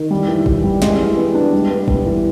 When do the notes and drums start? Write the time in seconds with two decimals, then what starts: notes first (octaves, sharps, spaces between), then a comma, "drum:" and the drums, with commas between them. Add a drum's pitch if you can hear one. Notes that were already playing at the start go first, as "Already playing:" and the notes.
Already playing: D#3
0.11 G3
0.28 E3
0.46 E3, drum: kick G#1
0.64 G3
0.82 G#3, drum: snare
0.99 E3
1.17 B3
1.34 D4
1.53 G3
1.70 B3
1.88 G3, drum: kick G#1
2.06 E3